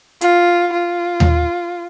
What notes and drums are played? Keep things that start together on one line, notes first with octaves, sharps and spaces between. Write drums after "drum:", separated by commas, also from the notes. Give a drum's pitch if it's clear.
F4, drum: hi-hat
F4
drum: tom D#2